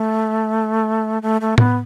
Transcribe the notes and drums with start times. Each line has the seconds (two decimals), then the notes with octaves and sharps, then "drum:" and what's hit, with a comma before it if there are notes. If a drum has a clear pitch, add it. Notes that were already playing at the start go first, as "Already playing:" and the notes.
Already playing: A3
1.22 A3
1.41 A3
1.58 B3, drum: tom A2